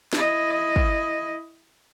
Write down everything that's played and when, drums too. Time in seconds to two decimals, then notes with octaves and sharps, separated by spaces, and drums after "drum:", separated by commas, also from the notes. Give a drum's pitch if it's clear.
0.13 E4 D#5, drum: snare
0.76 drum: kick